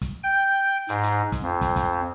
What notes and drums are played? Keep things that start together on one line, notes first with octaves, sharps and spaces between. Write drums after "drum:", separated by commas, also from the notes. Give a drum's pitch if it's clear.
drum: kick, hi-hat
G5
G#2, drum: hi-hat
drum: hi-hat
drum: kick, hi-hat
F2
drum: kick, hi-hat
drum: kick, hi-hat